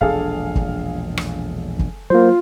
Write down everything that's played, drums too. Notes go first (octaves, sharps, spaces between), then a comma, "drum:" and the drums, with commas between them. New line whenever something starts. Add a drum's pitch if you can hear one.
E1 A#1 D4 G#4 A4 F5
drum: kick
drum: rim click
drum: kick
F#3 A#3 F4 C5